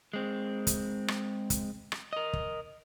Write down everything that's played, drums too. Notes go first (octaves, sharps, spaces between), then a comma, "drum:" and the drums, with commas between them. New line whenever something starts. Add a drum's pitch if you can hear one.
G#3 C4
drum: kick, hi-hat
drum: rim click
drum: kick, hi-hat
drum: rim click
A#4 D#5
drum: kick